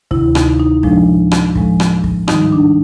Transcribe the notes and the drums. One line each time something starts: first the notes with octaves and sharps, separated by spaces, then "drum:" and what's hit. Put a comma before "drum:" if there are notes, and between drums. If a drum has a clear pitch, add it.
D2 C3 D#3 E4, drum: kick
D#4, drum: rim click
D#4
A2 F3 G#3 D4, drum: kick
drum: rim click
A2 F3 G#3, drum: kick
drum: rim click
drum: kick
G#2 D#3 G3 D#4, drum: rim click
D4